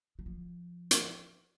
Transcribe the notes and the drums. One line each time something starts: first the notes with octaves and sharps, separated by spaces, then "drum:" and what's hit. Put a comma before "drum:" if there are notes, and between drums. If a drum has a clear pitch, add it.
F#3
F3
drum: hi-hat